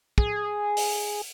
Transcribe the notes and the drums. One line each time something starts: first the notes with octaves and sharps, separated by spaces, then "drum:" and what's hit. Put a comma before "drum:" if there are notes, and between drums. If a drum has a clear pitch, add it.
G#4, drum: kick
drum: open hi-hat